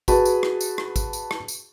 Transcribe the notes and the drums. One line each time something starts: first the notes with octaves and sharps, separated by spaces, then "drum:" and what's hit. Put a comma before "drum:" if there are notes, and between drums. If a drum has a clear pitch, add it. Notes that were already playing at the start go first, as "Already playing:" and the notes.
F#4 G#4 B4 A5, drum: kick, tambourine
drum: tambourine
drum: rim click
drum: tambourine
drum: rim click
drum: kick, tambourine
drum: tambourine
drum: rim click
drum: tambourine